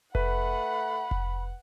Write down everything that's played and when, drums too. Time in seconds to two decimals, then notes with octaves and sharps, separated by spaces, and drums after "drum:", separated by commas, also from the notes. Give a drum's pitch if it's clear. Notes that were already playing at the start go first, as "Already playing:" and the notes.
0.15 A3 B4 F#5 B5, drum: kick F1
1.11 drum: kick F1